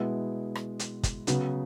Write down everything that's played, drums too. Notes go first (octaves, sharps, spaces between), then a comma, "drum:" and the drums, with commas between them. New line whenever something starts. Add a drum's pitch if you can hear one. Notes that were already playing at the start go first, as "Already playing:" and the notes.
Already playing: B2 G#3 B3 E4
drum: rim click
drum: hi-hat
drum: kick, hi-hat
C#3 F#3 B3, drum: hi-hat